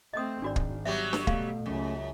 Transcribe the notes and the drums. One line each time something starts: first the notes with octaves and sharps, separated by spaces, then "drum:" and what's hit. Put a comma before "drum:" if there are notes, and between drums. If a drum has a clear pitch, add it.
A3 C4 D#5 D#6
G#1 D4 F#4 D5
drum: kick
F#3 G3 B3 E5
drum: snare D4
B2 A3 F5, drum: kick
C#2 F#2